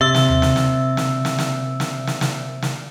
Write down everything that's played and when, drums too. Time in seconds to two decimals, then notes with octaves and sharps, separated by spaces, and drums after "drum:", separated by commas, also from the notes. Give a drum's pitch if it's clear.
0.01 C3 E5 E6
0.15 drum: snare
0.28 drum: tom D#2
0.42 drum: snare
0.56 drum: snare
0.97 drum: snare
1.25 drum: snare
1.38 drum: snare
1.80 drum: snare
2.07 drum: snare
2.21 drum: snare
2.62 drum: snare